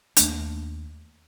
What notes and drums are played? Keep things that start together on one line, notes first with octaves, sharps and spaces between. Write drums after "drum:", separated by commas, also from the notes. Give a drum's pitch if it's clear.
D#2 A3 D4, drum: hi-hat